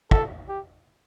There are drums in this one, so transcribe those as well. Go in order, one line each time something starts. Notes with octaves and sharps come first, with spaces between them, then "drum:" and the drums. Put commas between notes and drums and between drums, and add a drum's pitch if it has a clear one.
A4, drum: kick
G4